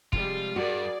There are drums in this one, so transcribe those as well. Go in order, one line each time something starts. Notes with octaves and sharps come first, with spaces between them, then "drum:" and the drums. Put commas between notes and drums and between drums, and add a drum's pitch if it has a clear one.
C3 F3 G3 G#3 F4, drum: kick
E2 G2 F#4 G#4 A#4 D5